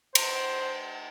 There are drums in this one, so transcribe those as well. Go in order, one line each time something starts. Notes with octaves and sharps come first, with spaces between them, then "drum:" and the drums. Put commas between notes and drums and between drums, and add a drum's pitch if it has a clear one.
C5, drum: cymbal